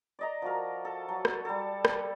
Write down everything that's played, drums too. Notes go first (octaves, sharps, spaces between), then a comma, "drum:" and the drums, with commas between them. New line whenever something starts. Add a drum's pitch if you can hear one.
D5 D#5 A#5
F3 F#4 A#4
A4
F#3
drum: rim click
G3 A4
drum: rim click